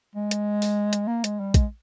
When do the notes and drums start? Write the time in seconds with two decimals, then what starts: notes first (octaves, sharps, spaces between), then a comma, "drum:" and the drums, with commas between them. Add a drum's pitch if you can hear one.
0.15 G#3
0.31 drum: hi-hat
0.62 drum: open hi-hat
0.93 drum: hi-hat
1.07 A#3
1.24 G#3, drum: hi-hat
1.39 G3
1.54 G#3, drum: kick, hi-hat